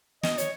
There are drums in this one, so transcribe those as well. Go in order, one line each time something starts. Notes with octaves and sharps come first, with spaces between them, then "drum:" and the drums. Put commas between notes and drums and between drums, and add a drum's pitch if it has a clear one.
D#5, drum: snare
C#5, drum: hi-hat